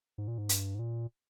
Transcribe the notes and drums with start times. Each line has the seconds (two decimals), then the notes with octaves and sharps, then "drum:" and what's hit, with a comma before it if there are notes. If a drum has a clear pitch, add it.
0.18 G#2
0.28 A#2
0.38 G#2
0.49 G2, drum: hi-hat
0.75 G#2
0.79 A#2